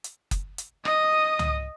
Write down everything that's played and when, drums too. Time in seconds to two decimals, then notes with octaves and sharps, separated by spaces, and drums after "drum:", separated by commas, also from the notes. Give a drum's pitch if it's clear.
0.04 drum: hi-hat
0.31 drum: kick F#1, hi-hat
0.58 drum: hi-hat
0.85 D#5 D#6, drum: rim click
1.39 drum: tom